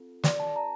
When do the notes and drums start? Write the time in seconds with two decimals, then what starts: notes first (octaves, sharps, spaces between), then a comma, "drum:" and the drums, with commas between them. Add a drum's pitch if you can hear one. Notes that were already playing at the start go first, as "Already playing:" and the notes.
Already playing: C4 F4 A4
0.24 D5, drum: snare
0.40 A5
0.56 A#5